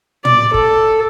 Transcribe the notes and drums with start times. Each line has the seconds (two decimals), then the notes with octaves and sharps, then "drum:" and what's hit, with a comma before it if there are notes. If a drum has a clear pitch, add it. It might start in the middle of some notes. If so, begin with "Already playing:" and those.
0.25 D5, drum: tom
0.54 A4, drum: kick F#1